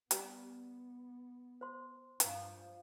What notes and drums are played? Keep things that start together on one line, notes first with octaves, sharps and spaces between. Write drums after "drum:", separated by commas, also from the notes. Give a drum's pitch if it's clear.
G3 B3, drum: hi-hat
C5 C6
G2 F3, drum: hi-hat